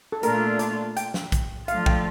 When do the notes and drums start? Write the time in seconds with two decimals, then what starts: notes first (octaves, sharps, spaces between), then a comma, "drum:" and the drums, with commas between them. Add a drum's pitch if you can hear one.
0.12 A4
0.23 A#2 A3 D4 F4 A#4, drum: hi-hat
0.59 D5, drum: hi-hat
0.97 G5, drum: hi-hat
1.14 drum: snare
1.32 drum: kick, hi-hat
1.68 F3 A3 D4 F4 F5, drum: hi-hat
1.86 G5, drum: kick